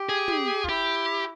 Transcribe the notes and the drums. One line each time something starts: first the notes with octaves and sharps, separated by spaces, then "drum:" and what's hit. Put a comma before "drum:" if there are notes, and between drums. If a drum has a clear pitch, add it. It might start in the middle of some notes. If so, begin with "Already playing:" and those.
Already playing: G4
G#4
drum: tom
F4, drum: kick
E4 G4